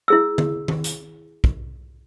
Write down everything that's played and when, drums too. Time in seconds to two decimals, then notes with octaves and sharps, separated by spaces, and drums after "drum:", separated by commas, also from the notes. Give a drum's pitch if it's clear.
0.08 E4 G#4 E6
0.38 drum: tom D3
0.68 drum: tom D#3
0.84 drum: hi-hat
1.44 drum: kick